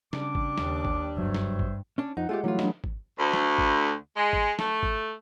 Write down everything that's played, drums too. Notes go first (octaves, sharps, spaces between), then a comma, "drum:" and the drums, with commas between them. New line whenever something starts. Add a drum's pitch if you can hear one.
C#3 G3 D4 D6, drum: snare
drum: kick G#1
D#2, drum: snare
drum: kick G#1
F#1 G2 F#3 C5 C#5 E5
drum: snare
drum: kick G#1
C#4 D4
F2 D#4 F#5
G#3 A3 F4 G4
E3 F#3 G3 A3 E4 F4
D4 D#5, drum: snare
drum: kick G#1
D2
drum: snare
drum: kick G#1
G#3
drum: kick G#1
A3, drum: snare
drum: kick G#1